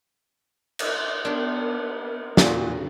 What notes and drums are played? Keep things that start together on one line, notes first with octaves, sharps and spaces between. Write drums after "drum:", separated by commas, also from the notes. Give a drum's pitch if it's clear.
drum: cymbal
B3 D4 G4 A#4
A#2 E3 F#4 C5, drum: snare